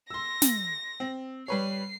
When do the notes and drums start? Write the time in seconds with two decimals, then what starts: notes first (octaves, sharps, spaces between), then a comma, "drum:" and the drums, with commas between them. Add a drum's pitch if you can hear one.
0.10 C6 E6 A#6
0.42 drum: snare
1.00 C4
1.48 G3 B4 C#5 C7